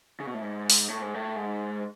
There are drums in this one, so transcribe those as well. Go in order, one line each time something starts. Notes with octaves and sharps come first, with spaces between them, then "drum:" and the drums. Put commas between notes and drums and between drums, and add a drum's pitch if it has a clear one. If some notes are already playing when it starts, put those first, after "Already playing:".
C#3
B2
A2
G#2
drum: open hi-hat
A2
G#2
A2
G#2